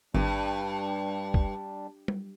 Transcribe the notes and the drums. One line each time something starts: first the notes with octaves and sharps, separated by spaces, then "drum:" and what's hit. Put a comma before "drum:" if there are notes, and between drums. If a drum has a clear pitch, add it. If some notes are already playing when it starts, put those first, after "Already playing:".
G#1 G2 G3 D4
drum: kick F#1
drum: tom G3